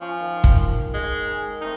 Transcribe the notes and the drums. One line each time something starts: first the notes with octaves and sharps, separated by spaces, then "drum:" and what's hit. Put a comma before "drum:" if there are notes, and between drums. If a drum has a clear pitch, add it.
F3 C#4
D#3 D#4
drum: kick
G#3
G#4 A#4
A3 C4 D#4 A#4